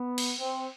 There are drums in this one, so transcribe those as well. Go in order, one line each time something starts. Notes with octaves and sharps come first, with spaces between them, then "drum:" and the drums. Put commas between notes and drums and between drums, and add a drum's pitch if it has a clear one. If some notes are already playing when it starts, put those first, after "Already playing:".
Already playing: B3
drum: cymbal
C4